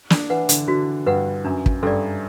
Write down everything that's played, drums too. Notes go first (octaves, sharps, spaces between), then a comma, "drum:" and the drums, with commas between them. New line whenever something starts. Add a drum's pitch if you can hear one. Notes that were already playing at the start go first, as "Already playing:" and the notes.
D4, drum: snare
E3 B4 F#5
D3, drum: hi-hat
D3 F#4
G2 B4 F#5
F#2 D4
drum: kick
G2 A4 D5